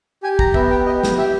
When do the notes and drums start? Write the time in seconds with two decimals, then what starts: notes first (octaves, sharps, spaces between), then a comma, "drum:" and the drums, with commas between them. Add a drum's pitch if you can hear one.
0.23 G4 G#5
0.39 A#5, drum: kick
0.54 B3 E5, drum: kick
0.70 G5
0.86 G4 D#5
1.03 drum: snare
1.17 G4 E5